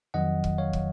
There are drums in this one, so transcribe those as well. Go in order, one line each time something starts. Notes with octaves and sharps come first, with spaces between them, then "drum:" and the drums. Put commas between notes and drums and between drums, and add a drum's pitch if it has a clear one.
F2 D#3 F#3 D#5 F#5
drum: kick
C#5 F5
drum: kick